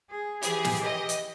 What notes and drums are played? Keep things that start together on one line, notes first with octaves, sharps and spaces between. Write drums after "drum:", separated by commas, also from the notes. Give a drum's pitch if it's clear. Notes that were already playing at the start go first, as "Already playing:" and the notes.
G#4
E3 G4 G#4, drum: hi-hat
drum: snare
D#5
drum: hi-hat